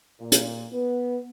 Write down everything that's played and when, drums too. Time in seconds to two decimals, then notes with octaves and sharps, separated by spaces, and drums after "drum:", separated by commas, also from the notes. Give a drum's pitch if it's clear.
0.21 A#2
0.32 drum: hi-hat
0.73 B3